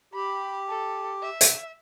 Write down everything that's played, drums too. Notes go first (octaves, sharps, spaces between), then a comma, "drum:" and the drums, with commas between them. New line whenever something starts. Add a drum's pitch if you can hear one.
G4 B5
A4
E5
drum: hi-hat